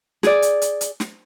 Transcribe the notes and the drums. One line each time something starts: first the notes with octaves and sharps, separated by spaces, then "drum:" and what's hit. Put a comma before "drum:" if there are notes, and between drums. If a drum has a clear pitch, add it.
G#4 D5, drum: snare
drum: hi-hat
drum: hi-hat
drum: hi-hat
drum: snare